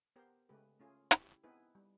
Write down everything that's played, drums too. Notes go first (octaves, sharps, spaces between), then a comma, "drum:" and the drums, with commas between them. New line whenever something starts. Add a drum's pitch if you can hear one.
B3 G4 A#4 C5
C#3 G#3 A3 G4 B4
A3 C#4 F4 G#4
E4 G4, drum: hi-hat
B3 C4 D#4 E4 G#4 B4
G3